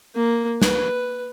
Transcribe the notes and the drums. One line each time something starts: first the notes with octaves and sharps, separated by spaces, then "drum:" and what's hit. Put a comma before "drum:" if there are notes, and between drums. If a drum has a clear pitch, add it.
A#3
B4, drum: snare